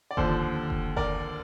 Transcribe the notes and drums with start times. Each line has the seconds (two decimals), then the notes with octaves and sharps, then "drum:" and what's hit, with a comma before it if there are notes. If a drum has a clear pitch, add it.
0.11 D5
0.17 D#2 D3 F3 A4 C5, drum: kick F1
0.70 drum: kick F1
0.96 A#4 D5, drum: kick F1